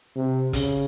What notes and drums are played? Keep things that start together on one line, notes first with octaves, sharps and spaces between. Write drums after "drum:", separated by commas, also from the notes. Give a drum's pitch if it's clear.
C3
C#3, drum: kick, hi-hat